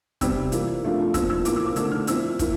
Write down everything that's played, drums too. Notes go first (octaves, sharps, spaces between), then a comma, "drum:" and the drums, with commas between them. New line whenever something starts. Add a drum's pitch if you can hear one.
C3 G3 C4 E6, drum: kick, hi-hat
E3 A#3 F4, drum: hi-hat
F3 A3 D4 F4
A#2 F3 C4 E6, drum: kick, hi-hat
E6
A2 E3 A#3 D6, drum: hi-hat
E6
D6
D3 A3 D4 E6, drum: hi-hat
F6
F3 C4 E4 E6, drum: hi-hat
E3 A#3 E4, drum: kick, hi-hat